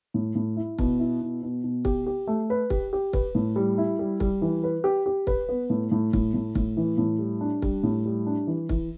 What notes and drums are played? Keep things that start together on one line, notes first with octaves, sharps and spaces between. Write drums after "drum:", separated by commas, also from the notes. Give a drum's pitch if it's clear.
A2
A2
E4
B2, drum: kick
E4
B2
B2
B2
G4, drum: kick
G4
A3
B4
G4, drum: kick
G4
B4, drum: kick
A2
G3
E4
G3
G3, drum: kick
E3
B4
G4
G4
B4, drum: kick
B3
A2
A2
A2, drum: kick
A2
A2, drum: kick
E3
A2
G3
D4
G3, drum: kick
A2
G3
D4
E3
E3, drum: kick